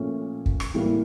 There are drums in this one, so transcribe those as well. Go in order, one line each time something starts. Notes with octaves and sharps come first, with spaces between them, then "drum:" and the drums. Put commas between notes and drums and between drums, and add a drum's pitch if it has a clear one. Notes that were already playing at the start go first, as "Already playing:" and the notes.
Already playing: A#2 F3 A3 C#4
drum: kick
drum: rim click
A2 E3 G3 A#3